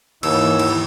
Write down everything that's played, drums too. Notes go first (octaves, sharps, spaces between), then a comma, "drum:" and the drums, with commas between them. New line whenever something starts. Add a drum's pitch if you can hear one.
D#2 G#2 E3 E6, drum: cymbal
drum: cymbal